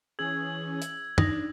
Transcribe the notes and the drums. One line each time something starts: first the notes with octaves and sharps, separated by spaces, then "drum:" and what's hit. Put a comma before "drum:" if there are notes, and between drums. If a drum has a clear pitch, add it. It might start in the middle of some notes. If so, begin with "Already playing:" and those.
E3 C#4 G#4 E6 G#6 F#7
drum: hi-hat
D4 D#4, drum: tom